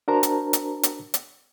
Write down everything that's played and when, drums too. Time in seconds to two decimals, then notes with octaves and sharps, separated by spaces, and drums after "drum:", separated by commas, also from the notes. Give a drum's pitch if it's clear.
0.08 D4 F#4 A#4 C5 A5 A#5
0.23 drum: hi-hat
0.53 drum: hi-hat
0.83 drum: hi-hat
1.14 drum: hi-hat